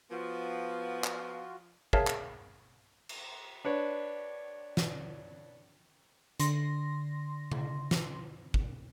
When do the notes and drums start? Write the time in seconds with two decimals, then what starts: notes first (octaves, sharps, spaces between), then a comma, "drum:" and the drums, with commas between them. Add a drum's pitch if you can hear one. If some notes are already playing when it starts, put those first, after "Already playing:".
0.11 F3 B3 F4 F#4
1.04 drum: clap
1.93 G#4 A#4 C#5 E5 F5 A5, drum: kick
2.07 drum: clap
3.09 drum: cymbal
3.65 D4 B4 C#5
4.77 drum: snare
6.40 D3 C6 A#6, drum: hi-hat
7.52 drum: tom C#3
7.91 drum: snare
8.54 drum: kick